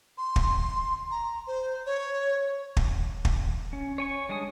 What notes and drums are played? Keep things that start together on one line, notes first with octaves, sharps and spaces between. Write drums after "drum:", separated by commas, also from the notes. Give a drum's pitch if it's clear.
C6
drum: kick
A#5
C5
C#5
drum: kick
drum: kick
C#4
C#5 G#5 C#6
G3 G#3 D4 G#5 D#6